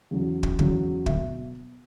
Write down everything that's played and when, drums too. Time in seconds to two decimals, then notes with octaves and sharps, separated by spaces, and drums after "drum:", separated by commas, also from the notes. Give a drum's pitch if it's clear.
0.11 E2 C#3 F#3
0.43 drum: kick
0.59 E2 C#3 F#3, drum: kick
1.06 B2 F#3 E5, drum: kick